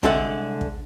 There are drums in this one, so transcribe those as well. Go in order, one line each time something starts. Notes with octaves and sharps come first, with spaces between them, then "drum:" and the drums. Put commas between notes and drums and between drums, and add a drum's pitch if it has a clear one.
C2 D3 G#3 A4 E5 F#5, drum: kick
drum: kick